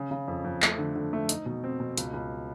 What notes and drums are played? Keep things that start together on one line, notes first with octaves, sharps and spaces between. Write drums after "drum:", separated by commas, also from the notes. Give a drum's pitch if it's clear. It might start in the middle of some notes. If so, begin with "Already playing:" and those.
Already playing: C#3
C#3
F2
F2
A3, drum: clap
D3
D3
A3
D#4, drum: hi-hat
B2
C4
B2
C#2, drum: hi-hat
C#2